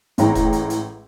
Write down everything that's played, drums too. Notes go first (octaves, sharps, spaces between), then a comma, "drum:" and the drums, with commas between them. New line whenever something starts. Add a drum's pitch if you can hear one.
A1 A2 G#3 C#5 G5 A#5, drum: hi-hat
drum: kick, hi-hat
drum: hi-hat
drum: hi-hat